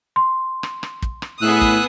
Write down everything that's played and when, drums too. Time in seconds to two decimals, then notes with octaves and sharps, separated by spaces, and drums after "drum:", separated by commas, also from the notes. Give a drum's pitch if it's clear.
0.16 C6
0.63 drum: rim click
0.83 drum: rim click
1.02 drum: kick
1.22 drum: rim click
1.42 A2 B3 G#4 D#6 E6 F#6
1.61 drum: kick